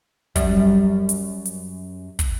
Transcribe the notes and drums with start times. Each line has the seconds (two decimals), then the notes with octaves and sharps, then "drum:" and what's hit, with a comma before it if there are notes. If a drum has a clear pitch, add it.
0.36 F#2 G3, drum: kick, hi-hat
1.09 drum: hi-hat
1.45 drum: hi-hat
2.19 drum: kick, hi-hat